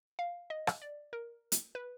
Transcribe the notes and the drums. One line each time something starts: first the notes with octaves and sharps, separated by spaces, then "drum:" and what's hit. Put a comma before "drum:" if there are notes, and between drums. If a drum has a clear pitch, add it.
F5
D#5
drum: rim click
D5
A#4
drum: hi-hat
B4